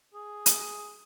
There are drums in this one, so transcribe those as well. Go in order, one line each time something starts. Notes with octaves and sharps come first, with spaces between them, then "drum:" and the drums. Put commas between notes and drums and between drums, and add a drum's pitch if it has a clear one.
G#4
drum: hi-hat